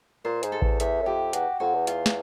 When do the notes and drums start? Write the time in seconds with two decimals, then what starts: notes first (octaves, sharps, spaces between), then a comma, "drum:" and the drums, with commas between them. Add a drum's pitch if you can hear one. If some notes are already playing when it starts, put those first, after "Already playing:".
0.25 A#2 C5
0.43 G#2, drum: hi-hat
0.52 A4
0.62 E2, drum: kick A1
0.80 E2 E5, drum: hi-hat
1.01 F#2
1.06 F2 G4
1.33 E2 F#4, drum: hi-hat
1.60 F2 F#4
1.74 E2
1.87 F4, drum: hi-hat
2.06 drum: snare